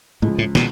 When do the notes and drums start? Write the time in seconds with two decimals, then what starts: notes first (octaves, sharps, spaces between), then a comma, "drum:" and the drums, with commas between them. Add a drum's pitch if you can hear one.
0.22 C#2 A2 C#3 F3
0.38 A2
0.55 B2, drum: snare